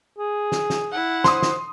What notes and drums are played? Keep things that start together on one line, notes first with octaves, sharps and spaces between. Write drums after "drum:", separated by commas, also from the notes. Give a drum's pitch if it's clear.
G#4
drum: snare
drum: snare
E4 F#5
C5 C6 D#6, drum: snare
drum: snare